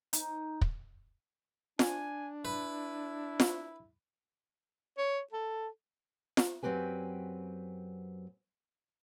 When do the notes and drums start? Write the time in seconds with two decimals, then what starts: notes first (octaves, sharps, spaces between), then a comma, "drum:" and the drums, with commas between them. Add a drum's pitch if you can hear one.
0.13 D#4, drum: hi-hat
0.61 drum: kick
1.79 D4 G#5, drum: snare F4
2.45 E4 B4
3.40 drum: snare F4
4.98 C#5
5.32 A4
6.37 drum: snare F4
6.63 F#2 F#3 C4 G4 B4 G#5